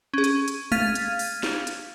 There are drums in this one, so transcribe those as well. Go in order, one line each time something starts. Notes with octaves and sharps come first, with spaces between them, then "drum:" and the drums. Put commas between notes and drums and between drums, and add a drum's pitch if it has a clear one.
C#4 G#4
drum: hi-hat
drum: hi-hat
F5 F6 G#6 A6 B6 D#7, drum: tom G#3
drum: hi-hat
drum: open hi-hat
drum: snare
drum: hi-hat